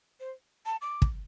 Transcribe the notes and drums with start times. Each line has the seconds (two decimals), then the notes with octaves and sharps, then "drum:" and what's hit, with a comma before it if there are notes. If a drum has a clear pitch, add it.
0.20 C5
0.66 A5
0.81 D6
1.02 drum: kick